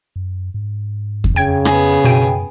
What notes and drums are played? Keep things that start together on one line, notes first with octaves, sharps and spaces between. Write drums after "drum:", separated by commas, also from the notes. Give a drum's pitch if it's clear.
F#2
G#2
drum: kick E2
F2 C#3 G5 G#6
B3 G#4, drum: rim click
F#2 B2 G5 D#7